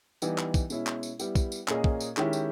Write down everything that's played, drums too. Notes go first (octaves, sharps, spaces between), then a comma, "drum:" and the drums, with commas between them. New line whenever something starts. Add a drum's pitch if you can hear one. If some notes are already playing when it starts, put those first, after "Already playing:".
E3 G3 B3 D#4 G4, drum: tambourine
drum: clap
drum: kick, tambourine
B2 G#3 C#4 E4, drum: tambourine
drum: clap
drum: tambourine
G3 B3 E4 G4, drum: tambourine
drum: kick, tambourine
drum: tambourine
A#2 A#3 C#4 G#4 D#5, drum: clap
drum: kick
drum: tambourine
D#3 G#3 C#4 E4 G4, drum: clap
drum: tambourine